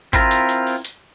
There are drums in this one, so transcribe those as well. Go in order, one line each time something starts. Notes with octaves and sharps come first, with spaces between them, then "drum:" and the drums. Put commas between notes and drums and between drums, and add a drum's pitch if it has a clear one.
C4 E4 F4 A#4, drum: kick G#1, hi-hat
drum: hi-hat
drum: hi-hat
drum: open hi-hat
drum: hi-hat